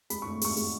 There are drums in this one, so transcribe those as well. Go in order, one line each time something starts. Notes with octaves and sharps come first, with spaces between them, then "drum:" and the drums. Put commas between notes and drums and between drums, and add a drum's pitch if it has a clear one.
G#3 B5, drum: hi-hat
A2 C#6
G#3 C#6, drum: open hi-hat
G#3, drum: hi-hat